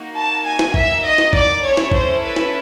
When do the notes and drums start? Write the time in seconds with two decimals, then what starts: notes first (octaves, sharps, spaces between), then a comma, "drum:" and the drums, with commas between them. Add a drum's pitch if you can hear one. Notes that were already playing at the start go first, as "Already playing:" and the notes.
Already playing: A#3 D#4 F#4
0.16 A5
0.44 G#5
0.59 drum: snare
0.74 E5, drum: kick
1.04 D#5
1.18 drum: snare
1.33 D5, drum: kick
1.62 C#4 E4 A4 C#5
1.77 drum: snare
1.92 C5, drum: kick
2.21 B4
2.36 drum: snare